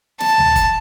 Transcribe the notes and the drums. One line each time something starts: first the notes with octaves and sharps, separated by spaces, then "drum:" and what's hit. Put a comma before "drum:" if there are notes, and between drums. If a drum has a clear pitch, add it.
A5, drum: snare
drum: tom D2
drum: kick E1, hi-hat